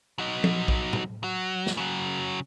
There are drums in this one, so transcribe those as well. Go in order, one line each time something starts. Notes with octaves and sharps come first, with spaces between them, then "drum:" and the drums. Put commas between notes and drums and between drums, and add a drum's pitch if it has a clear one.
F#3 D#4
drum: tom F3
drum: kick A#1
drum: tom A2
F#3
drum: snare
C#3 F#3